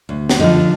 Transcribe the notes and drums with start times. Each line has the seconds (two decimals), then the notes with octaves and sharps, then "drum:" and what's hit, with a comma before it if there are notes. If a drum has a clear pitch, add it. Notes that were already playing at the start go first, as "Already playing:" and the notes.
0.09 D2
0.29 drum: snare
0.39 D3 F3 D#4